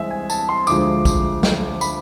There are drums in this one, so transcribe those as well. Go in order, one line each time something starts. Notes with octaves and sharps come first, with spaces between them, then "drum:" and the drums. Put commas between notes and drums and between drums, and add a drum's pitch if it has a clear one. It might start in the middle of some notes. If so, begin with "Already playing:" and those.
Already playing: C2 E3 G#3 E5
G#5
A5, drum: tambourine
C6
D2 D3 F3 G#3 D6, drum: tambourine
drum: kick B1, tambourine
drum: snare
B5, drum: tambourine